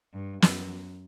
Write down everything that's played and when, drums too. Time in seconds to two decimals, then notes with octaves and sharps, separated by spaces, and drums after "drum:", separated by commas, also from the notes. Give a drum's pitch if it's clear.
0.14 G2
0.42 F#2, drum: snare